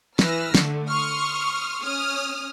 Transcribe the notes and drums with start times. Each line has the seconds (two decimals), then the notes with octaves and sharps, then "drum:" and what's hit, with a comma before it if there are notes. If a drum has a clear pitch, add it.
0.19 E3 B4 E6 F6 A#6, drum: snare
0.55 D3 A3, drum: snare
0.88 C6 C#6 D#6 F6
1.82 C#4 D#6 F6